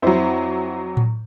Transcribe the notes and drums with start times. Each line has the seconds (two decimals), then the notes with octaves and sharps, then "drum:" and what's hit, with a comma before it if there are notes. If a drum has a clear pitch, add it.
0.02 F2 F#3 E4 C5 E5
0.97 drum: tom A2